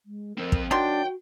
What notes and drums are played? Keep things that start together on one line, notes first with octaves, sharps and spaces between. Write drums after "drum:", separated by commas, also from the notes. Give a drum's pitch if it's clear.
G#3
F3 C4 A#4
drum: kick
D#3 F#3 D4 F#4 G5 C6